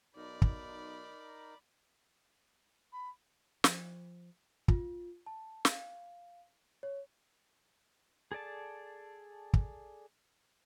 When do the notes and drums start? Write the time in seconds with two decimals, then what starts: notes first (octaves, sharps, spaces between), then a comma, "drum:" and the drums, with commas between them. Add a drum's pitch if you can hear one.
0.16 B1 D#4 A#4 D5 B5
0.42 drum: kick
2.92 B5
3.64 F3, drum: snare
4.68 F4, drum: kick
5.26 A5
5.65 F5, drum: snare
6.83 C#5
8.32 G#4 A4 D5 A5
9.53 drum: kick